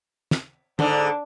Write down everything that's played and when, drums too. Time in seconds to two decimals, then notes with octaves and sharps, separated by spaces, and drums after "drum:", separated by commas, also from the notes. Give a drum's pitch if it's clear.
0.31 drum: snare
0.79 G#2 D3 D4, drum: tom